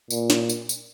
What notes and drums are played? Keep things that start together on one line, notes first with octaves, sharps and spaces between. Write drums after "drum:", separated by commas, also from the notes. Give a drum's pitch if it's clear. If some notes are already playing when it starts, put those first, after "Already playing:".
A#2, drum: tambourine
drum: snare
drum: tambourine
drum: tambourine